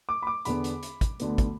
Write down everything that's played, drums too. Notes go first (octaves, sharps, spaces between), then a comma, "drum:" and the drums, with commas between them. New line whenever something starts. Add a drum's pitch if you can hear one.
D6
B5
D6
E2 D3 B3 B5, drum: hi-hat
drum: hi-hat
drum: hi-hat
drum: kick, hi-hat
D2 D3 B3, drum: hi-hat
drum: kick, hi-hat